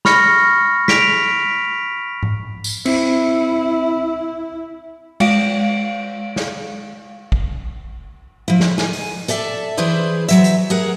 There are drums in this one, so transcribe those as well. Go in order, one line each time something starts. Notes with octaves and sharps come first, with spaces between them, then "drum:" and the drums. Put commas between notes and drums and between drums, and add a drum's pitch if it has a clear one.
B5 C#6 F6 A#6 C#7, drum: snare
B6 D7 F7, drum: snare
drum: tom G#2
drum: tambourine
C4 E4, drum: cymbal
G#3 F5 D7, drum: cymbal
drum: snare
drum: kick
F3 E4
drum: snare
G#5, drum: snare
drum: open hi-hat
A4 D5 E5 F#5 A5, drum: hi-hat
E3 E4 G#4 B4 C5 D5
E3 F#3 E5, drum: hi-hat
drum: hi-hat
G#4 A#4 F#5